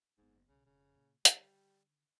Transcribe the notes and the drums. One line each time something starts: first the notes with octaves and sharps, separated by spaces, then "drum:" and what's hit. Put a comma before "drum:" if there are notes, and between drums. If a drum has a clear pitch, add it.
F#1 G#2 B3
B1 C#3
F1 C#3
A#2
D3 D#3 G3, drum: hi-hat